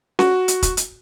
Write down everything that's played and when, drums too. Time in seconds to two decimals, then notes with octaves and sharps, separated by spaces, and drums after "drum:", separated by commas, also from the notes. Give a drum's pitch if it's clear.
0.19 F#4, drum: snare C#4
0.48 drum: hi-hat
0.63 drum: kick, hi-hat
0.77 drum: hi-hat